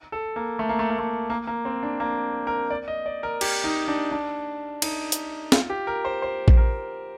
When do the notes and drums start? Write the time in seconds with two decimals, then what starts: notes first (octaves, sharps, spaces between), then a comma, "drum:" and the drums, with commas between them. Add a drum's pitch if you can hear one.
0.12 A4
0.36 A#3
0.59 A3
0.69 A#3
0.79 A3
0.89 A#3
0.99 A3
1.30 A#3
1.47 A#3
1.65 C4
1.83 D4
2.00 A#3
2.47 A#4
2.70 D5
2.88 D#5
3.06 D5
3.23 A#4
3.41 G4, drum: cymbal
3.64 D#4
3.88 D4
4.12 D4
4.82 D#4, drum: cymbal
5.12 drum: hi-hat
5.52 F4, drum: snare
5.70 G4
5.87 A#4
6.05 C5
6.22 C5
6.48 drum: kick A1
6.57 A#4